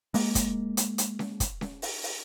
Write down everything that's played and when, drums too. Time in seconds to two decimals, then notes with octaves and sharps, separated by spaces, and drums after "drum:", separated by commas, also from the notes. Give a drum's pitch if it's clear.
0.14 G#3 A#3, drum: open hi-hat
0.35 drum: kick, hi-hat
0.77 drum: hi-hat
0.98 drum: hi-hat
1.19 drum: snare C#4
1.40 drum: kick, hi-hat
1.61 drum: snare C#4
1.82 drum: open hi-hat
2.03 drum: open hi-hat